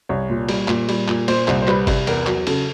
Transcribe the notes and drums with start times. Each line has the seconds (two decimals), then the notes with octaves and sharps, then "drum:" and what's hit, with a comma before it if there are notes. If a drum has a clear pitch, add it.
0.09 C2 C#5
0.30 A#2
0.49 G3, drum: cymbal
0.68 A#2, drum: clap
0.89 G3, drum: cymbal
1.08 A#2, drum: clap
1.28 A#2 C5, drum: cymbal
1.48 C2, drum: clap
1.62 C5
1.67 G3 B4, drum: clap
1.87 C2, drum: kick, cymbal
2.07 E2 A#4, drum: cymbal
2.27 F#3, drum: clap
2.47 C#3 A4, drum: cymbal